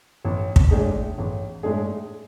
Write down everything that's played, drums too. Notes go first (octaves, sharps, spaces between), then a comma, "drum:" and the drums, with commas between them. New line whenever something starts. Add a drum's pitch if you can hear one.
A1
drum: kick
A2 G#3 D4 G#4
A1
A2 G#3 D4 G#4